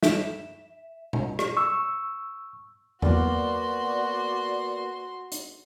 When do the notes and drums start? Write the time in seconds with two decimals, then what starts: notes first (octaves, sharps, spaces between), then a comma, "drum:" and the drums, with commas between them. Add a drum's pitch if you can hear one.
0.03 E5, drum: snare
1.13 drum: tom B2
1.39 drum: rim click
1.57 C#6 E6
3.02 A#3 B3 F#4 D5 C6, drum: tom E2
5.32 drum: hi-hat